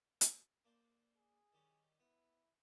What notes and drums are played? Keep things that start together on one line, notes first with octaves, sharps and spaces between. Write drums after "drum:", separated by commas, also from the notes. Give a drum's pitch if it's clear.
drum: hi-hat
A#3 D4 C5
G#4
D#3 G3 C#4
B3 E4